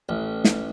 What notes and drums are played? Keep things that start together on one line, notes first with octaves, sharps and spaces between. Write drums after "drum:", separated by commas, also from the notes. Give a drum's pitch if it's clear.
A1
drum: snare